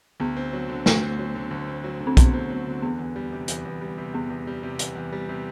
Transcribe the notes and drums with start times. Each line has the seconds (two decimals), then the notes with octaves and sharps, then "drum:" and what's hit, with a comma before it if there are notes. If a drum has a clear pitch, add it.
0.20 D2 B3
0.36 C4
0.53 F#3
0.69 D3
0.86 D2 A3, drum: snare
1.02 C4
1.19 F#3
1.35 D3
1.51 D2
1.67 C4
1.84 F#3
2.01 D3
2.07 C4
2.17 D2 B3, drum: kick, hi-hat
2.34 C4
2.50 F#3
2.66 D3
2.82 E2 B3
2.99 E2
3.16 G3
3.32 C3
3.48 E2, drum: hi-hat
3.65 E2
3.81 G3
3.98 C3
4.14 E2 B3
4.30 E2
4.47 G3
4.63 C3
4.79 E2, drum: hi-hat
4.96 E2
5.12 G3
5.29 C3